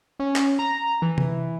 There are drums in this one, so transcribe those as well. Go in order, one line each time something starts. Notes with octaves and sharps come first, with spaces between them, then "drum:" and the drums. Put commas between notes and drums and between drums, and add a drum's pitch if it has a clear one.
C#4
drum: clap
A#5
E3
drum: tom C3